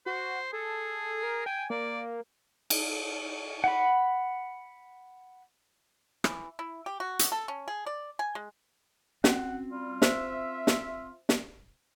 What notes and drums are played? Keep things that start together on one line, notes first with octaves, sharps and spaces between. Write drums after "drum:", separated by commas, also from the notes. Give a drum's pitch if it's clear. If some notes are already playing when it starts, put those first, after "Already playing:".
F#4 C5
G#4 A4
A#4
G5 G#5
A#3 D5
drum: cymbal
F#5 B5
E3, drum: rim click
E4
G4
F#4
drum: hi-hat
A4
C#4
G#4
D5
G#5
G#3
C4 C#4 F#4 F#5, drum: snare
G3 F4
C5 E5, drum: snare
drum: snare
drum: snare